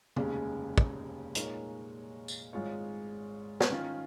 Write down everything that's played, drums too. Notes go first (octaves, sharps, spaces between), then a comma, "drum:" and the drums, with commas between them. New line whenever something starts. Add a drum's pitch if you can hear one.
F1 D#2 C#3 G#3 C#4, drum: tom
drum: kick
A#2 G#3 D#4 A#4 C#5, drum: hi-hat
drum: tambourine
G#1 G#2 G#3 F4 C#5
drum: snare
D#3 C#4 F4